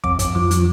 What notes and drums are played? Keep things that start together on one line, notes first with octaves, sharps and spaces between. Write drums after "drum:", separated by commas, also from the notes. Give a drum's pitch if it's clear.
F2 D6, drum: kick
F2, drum: hi-hat
F3 D6
F3, drum: hi-hat